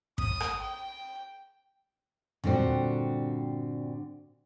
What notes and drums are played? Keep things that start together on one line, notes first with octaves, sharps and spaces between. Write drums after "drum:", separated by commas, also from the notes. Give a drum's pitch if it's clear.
D#6, drum: kick
drum: rim click
G5
G2 A#2 D3 G3 C4 F#4, drum: tom E2